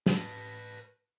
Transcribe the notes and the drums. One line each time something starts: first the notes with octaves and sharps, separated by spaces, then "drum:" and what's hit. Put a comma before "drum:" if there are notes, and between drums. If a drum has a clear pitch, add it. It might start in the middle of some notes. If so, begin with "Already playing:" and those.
B4 A5, drum: snare